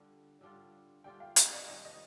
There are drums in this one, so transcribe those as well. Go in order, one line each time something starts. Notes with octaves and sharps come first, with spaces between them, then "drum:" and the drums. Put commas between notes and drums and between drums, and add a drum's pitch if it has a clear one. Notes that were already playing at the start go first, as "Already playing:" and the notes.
Already playing: D3 G3 D4 F4
D3 G3 D4 F4
D3 G3 D4 F4 G5
F5
D#5, drum: hi-hat
D5
C3 D#3 G3 D#5
D#5